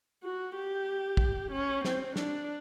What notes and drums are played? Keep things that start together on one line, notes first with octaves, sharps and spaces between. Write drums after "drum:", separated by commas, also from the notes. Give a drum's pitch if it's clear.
F#4
G4
drum: kick
C#4
C4, drum: snare
D4, drum: snare